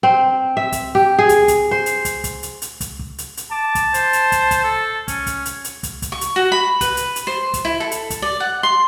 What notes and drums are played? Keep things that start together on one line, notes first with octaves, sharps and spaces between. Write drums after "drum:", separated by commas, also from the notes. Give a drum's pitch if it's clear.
C4
E5
drum: kick, hi-hat
G4
G#4
drum: kick, hi-hat
drum: kick, hi-hat
C5
drum: hi-hat
drum: kick, hi-hat
drum: kick, hi-hat
drum: hi-hat
drum: hi-hat
drum: kick, hi-hat
drum: kick
drum: hi-hat
drum: hi-hat
A5 D6
drum: kick, hi-hat
C5, drum: hi-hat
drum: hi-hat
drum: kick, hi-hat
drum: kick, hi-hat
A4
C#4, drum: kick, hi-hat
drum: kick, hi-hat
drum: hi-hat
drum: hi-hat
drum: kick, hi-hat
drum: kick, hi-hat
C#6
drum: hi-hat
F#4
B5
B4, drum: kick, hi-hat
drum: hi-hat
drum: hi-hat
C5
drum: kick, hi-hat
E4
A4
drum: hi-hat
drum: kick, hi-hat
D5
F#5
C6